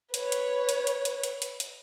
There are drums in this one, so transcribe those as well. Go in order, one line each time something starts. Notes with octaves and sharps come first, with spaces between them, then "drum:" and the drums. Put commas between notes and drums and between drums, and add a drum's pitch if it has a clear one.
B4 C#5, drum: hi-hat
drum: hi-hat
drum: hi-hat
drum: hi-hat
drum: hi-hat
drum: hi-hat
drum: hi-hat
drum: hi-hat